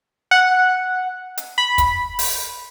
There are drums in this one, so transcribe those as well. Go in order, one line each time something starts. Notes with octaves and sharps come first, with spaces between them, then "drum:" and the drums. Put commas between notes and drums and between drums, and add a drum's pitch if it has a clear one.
F#5
drum: hi-hat
B5
drum: kick, hi-hat
drum: open hi-hat